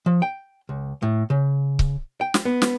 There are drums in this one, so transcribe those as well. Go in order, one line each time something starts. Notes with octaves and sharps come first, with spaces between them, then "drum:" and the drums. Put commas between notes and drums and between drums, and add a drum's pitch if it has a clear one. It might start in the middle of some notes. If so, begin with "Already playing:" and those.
F3
G5
C#2
A2
C#3
drum: kick C#1
G5
drum: snare
B3
drum: snare